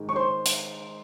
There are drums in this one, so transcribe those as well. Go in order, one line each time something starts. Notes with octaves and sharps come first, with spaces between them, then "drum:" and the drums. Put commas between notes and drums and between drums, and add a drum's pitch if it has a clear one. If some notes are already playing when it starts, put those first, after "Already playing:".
Already playing: G#2 D#3 G#3
C#6
C5 C6
drum: hi-hat